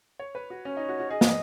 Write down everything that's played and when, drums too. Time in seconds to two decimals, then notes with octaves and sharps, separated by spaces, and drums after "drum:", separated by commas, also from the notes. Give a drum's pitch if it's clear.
0.19 C#5
0.35 B4
0.50 F#4
0.65 C#4 C#5
0.77 D#4
0.89 F#4
1.00 F#4
1.10 G#4 D#5
1.21 drum: snare